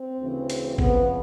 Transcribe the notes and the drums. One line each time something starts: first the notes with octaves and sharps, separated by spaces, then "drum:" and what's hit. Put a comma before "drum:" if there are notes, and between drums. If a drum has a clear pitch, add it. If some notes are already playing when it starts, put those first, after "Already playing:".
Already playing: C4
D2 C#3 E3
drum: hi-hat
F2 C#3 F3 B3, drum: kick G#1